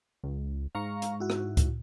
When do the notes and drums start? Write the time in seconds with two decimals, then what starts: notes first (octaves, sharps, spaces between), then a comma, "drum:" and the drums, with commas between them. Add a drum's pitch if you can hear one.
0.23 C#2
0.75 G#2 F5 A#5 C#6
1.02 drum: hi-hat
1.20 E4 F#4
1.30 drum: rim click
1.57 drum: kick C#2, hi-hat